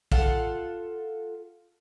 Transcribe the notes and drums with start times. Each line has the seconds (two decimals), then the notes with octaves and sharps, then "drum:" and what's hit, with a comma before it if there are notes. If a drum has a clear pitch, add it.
0.12 F4 A4 F#5, drum: kick